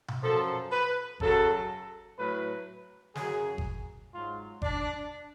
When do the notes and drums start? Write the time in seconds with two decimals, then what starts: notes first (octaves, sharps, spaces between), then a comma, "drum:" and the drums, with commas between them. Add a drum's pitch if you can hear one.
0.08 drum: tom B2
0.23 F#2 F3 A4
0.72 B4
1.20 F#2 C#3 F#3 A4, drum: kick G1
2.18 A2 F#3 B4
3.15 F#2 C#3 F#3 G#4, drum: snare
3.58 drum: kick G1
4.13 G#2 F#3 F4
4.62 D4, drum: kick G1